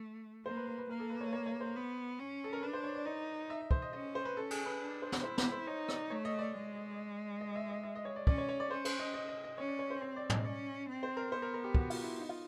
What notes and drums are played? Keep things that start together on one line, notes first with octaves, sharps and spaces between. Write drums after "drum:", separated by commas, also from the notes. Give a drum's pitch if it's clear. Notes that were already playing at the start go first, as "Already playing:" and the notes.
Already playing: A3
A#3 C5
B4
B4
B4
A#3 A#4
A4
B4
C#5
C#5
C#5
C5
B3
C#4
A4
A#4
D4 B4
C5
C#5
D5
D#4 D5
E5
D#5
C5, drum: kick
D#5
C#4 D#5
C5
B4
C#4 A4
G#4, drum: cymbal
B4
D4
C5
drum: snare
E4 C5
C5, drum: snare
C5
D#4 C#5
D5, drum: rim click
A3 C#5
D#5
D5
G#3
D#5
E5
D#5
E5
D#5
C#5
D5
C#4 D5, drum: kick
C#5
C#5
D5
C#4 C5
C5, drum: cymbal
D#5
D#5
D#5
D#5
C#4 C#5
D5
C#5
C5
C4 C#5
D5
D#5, drum: tom
C#4 D5
C4
C5
A#4
B3 C5
A#4
A#4
G4
F#4, drum: kick
F4, drum: open hi-hat
E4
D#4
F4